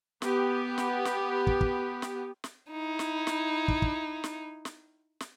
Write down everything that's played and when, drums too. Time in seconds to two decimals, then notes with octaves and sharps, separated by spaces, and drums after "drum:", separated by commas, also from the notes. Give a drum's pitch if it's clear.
0.22 B3 G4, drum: snare
0.78 drum: snare
1.05 drum: snare
1.47 drum: kick
1.61 drum: kick
2.02 drum: snare
2.44 drum: snare
2.71 D#4 E4
2.99 drum: snare
3.27 drum: snare
3.68 drum: kick
3.82 drum: kick
4.24 drum: snare
4.65 drum: snare
5.20 drum: snare